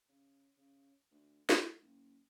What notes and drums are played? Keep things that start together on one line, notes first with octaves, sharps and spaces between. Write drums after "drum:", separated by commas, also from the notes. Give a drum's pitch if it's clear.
C#3
C#3
D2
G#2, drum: snare
G#2
F#1